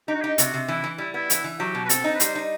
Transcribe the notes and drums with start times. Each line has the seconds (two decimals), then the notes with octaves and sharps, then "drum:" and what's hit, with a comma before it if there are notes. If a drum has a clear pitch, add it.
0.08 D#4 G4
0.15 F#4
0.22 D#4 G4
0.38 C3 F#4, drum: hi-hat
0.54 C3
0.68 E3 E4
0.84 E3
0.98 G3 E4
1.14 B3 E4
1.30 E3, drum: hi-hat
1.44 E3
1.59 F#3 G4
1.75 B2
1.85 B4
1.89 C4 A4, drum: hi-hat
2.04 D#4
2.15 B4
2.20 G3 C5, drum: hi-hat
2.35 D#4